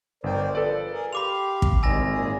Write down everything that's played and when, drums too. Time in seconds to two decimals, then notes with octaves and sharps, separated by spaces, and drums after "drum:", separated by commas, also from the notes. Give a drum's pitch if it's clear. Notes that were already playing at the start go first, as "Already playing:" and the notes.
0.24 G1 A#4 C5 D5 G5
0.55 F3 A4 B4 D5
0.91 G#4 A#4
1.13 G4 F5 B5 C6 D6 F7
1.62 drum: kick
1.83 G#1 A2 C3 D#3 G#5 E6 A#6
2.09 A#2 D#3 G#4